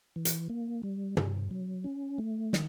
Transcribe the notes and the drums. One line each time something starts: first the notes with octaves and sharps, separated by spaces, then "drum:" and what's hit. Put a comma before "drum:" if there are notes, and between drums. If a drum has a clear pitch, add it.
E3
drum: hi-hat
A#3
G3
G2, drum: tom
F#3
C#4
A3
D#3, drum: snare